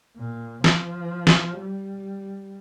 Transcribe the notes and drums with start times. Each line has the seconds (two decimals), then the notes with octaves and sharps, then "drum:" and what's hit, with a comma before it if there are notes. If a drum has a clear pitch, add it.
0.17 A#2
0.64 F3, drum: snare
1.27 drum: snare
1.59 G3